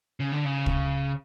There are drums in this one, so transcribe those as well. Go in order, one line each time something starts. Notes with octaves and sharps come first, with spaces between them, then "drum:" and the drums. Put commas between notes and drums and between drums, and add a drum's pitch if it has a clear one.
C#3
D3
C#3
drum: kick